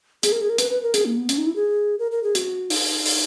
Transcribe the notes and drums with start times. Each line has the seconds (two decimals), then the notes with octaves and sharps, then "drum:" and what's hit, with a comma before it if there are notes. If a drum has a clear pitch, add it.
0.23 G#4, drum: hi-hat
0.32 A#4
0.41 G#4
0.50 A#4
0.58 B4, drum: hi-hat
0.71 B4
0.82 A#4
0.94 G#4, drum: hi-hat
1.05 A#3
1.17 B3
1.29 C#4, drum: hi-hat
1.38 D#4
1.46 E4
1.56 G#4
1.99 A#4
2.11 A#4
2.23 G#4
2.35 F#4, drum: hi-hat
2.70 D#4, drum: open hi-hat
3.06 drum: open hi-hat